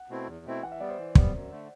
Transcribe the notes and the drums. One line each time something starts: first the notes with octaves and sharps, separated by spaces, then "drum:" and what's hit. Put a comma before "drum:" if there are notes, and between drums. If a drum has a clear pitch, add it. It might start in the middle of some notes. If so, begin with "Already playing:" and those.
Already playing: F#5
B2 A3 C4 E4
E2
B2 A3 C4 E4
E3 F#5
E5
G3 B3 D5
C5
E3
G3 B3, drum: kick
F#2
D3 A3